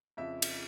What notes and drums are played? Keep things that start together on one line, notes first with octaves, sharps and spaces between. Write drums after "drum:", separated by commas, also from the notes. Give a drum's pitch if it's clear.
F2 C#3 F3 E5
drum: cymbal